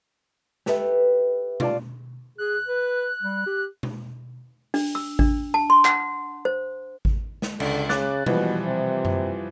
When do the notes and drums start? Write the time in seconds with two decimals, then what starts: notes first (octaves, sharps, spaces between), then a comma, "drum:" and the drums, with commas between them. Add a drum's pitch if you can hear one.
0.66 G4 A4 B4 E5, drum: snare
1.60 F4 D5 A5, drum: tom B2
2.38 G#4 F#6
2.68 B4
3.23 G3
3.47 G4
3.83 drum: tom B2
4.74 D4, drum: open hi-hat
4.95 E6
5.19 D4, drum: kick G#1
5.54 A5
5.70 C6
5.85 F#5, drum: clap
6.45 C5
7.05 drum: kick G#1
7.42 drum: snare
7.60 C#2 D3, drum: cymbal
7.89 C#3 D6 F#6 A6, drum: snare
8.26 B2 E3 F3 G3, drum: tom B2
8.66 C3
9.05 drum: tom F#2